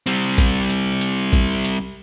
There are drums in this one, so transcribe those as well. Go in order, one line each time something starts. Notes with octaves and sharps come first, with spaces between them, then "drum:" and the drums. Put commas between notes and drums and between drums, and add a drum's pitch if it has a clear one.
G3 C4, drum: hi-hat
drum: kick A#1, hi-hat
drum: hi-hat
drum: hi-hat
drum: kick A#1, hi-hat
drum: hi-hat